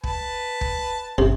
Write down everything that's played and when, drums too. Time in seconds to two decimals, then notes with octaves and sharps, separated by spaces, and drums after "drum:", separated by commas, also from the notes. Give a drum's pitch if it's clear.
0.04 B4 A5, drum: kick
0.61 drum: kick
1.18 G1 C3